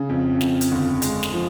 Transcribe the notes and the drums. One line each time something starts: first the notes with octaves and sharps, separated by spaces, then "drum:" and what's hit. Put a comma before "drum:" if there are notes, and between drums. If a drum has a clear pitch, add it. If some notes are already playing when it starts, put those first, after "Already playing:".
Already playing: C#3
F2
F2, drum: snare
drum: hi-hat
G1
G#3, drum: hi-hat
drum: snare
F3